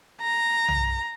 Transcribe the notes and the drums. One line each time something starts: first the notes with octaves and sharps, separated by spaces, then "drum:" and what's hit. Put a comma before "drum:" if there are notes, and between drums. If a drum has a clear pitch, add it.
A#5
drum: tom